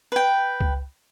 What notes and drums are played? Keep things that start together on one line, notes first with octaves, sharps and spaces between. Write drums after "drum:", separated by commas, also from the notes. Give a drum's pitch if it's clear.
B4 G5
drum: kick C#2